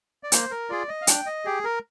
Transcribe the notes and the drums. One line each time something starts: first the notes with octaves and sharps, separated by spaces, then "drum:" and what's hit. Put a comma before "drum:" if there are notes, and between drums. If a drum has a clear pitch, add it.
D5
A#3 C5, drum: hi-hat
A#4
F4 G#4 D5
D#5
F5
D4 G5, drum: hi-hat
D#5
G4 G#4
A#4